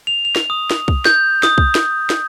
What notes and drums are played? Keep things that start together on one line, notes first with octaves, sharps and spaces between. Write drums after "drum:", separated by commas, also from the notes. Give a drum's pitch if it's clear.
F7
F7
drum: snare
D#6
drum: snare
drum: kick
G6, drum: snare
D#6, drum: snare
drum: kick
drum: snare
drum: snare